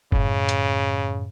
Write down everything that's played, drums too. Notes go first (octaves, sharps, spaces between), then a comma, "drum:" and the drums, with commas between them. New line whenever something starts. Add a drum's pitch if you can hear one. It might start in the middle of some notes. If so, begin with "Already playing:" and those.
F#2 A2 C#3, drum: kick
drum: hi-hat